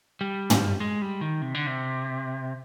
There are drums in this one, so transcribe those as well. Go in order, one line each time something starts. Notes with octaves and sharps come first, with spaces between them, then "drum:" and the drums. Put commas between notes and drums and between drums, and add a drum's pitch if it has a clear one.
G3
drum: tom
G#3
G3
D#3
C3
D3
C3